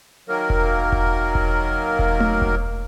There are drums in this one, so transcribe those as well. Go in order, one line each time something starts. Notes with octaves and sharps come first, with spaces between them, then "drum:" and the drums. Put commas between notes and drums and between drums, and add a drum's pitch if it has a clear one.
D#3 F#3 A#3 A#4
drum: kick E1
drum: kick E1
drum: kick E1
drum: kick E1
drum: tom A3
drum: kick E1